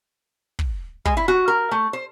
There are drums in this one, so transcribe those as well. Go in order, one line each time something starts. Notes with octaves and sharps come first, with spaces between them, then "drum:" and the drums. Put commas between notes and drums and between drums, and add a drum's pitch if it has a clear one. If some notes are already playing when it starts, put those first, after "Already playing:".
drum: kick
G#3, drum: kick
E4
F#4
A#4
A3
C5